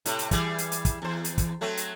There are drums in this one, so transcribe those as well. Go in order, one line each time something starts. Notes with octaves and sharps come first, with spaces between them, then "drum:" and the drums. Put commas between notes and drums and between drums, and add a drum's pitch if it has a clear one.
A2 C3, drum: hi-hat
drum: hi-hat
E3 G3 G#4, drum: kick, hi-hat
drum: hi-hat
drum: hi-hat
drum: kick, hi-hat
E2 C5
drum: hi-hat
drum: kick, hi-hat
F#3 A3 C4
drum: hi-hat